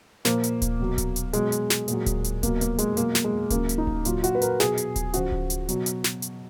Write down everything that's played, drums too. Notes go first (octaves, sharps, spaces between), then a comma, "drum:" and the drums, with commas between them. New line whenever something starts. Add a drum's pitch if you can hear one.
A#2 F3 A#3, drum: snare
drum: hi-hat
drum: kick D1, hi-hat
B2 F#3
drum: kick D1, hi-hat
drum: hi-hat
B2 F#3 G#3, drum: hi-hat
drum: hi-hat
drum: snare
A#2 F#3, drum: hi-hat
drum: kick D1, hi-hat
drum: hi-hat
B2 F#3 A#3, drum: kick D1, hi-hat
A#3, drum: hi-hat
G#3, drum: hi-hat
B2 F#3 A#3, drum: hi-hat
drum: snare
G#3
C#3 F#3 A#3, drum: kick D1, hi-hat
drum: hi-hat
D#4
drum: kick D1
A#2 F#3 F4, drum: hi-hat
F#4, drum: hi-hat
B4
A#4, drum: hi-hat
B2 F#3 G#4, drum: snare
drum: hi-hat
drum: kick D1, hi-hat
C#3 F3 F#4, drum: hi-hat
drum: kick D1
drum: hi-hat
B2 F#3, drum: hi-hat
drum: hi-hat
drum: snare
drum: hi-hat